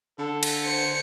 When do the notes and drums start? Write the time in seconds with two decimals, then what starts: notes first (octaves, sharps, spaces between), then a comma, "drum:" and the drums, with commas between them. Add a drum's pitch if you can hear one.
0.19 D3 A4
0.43 drum: cymbal
0.65 C5 C#7